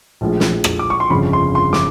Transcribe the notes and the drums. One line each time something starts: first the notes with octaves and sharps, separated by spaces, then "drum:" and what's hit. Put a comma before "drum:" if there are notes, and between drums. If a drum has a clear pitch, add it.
A#1 A2 F3 G#3
drum: snare
drum: rim click
D6
C#6
C6
G1 F2 C#3 F3 B5
C6
C6
D6, drum: snare